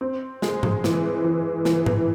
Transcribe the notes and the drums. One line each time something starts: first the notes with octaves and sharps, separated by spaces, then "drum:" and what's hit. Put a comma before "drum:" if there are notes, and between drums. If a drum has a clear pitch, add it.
C4
G#3, drum: snare
drum: tom G#2
E3, drum: snare
E3
E3, drum: snare
drum: tom G#2